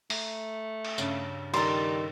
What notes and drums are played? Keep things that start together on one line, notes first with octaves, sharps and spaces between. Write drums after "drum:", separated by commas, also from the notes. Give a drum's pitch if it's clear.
A3 A#5, drum: open hi-hat
drum: cymbal
G2 C#3, drum: tambourine
D#3 G3 A4 A5 A#5 C6, drum: cymbal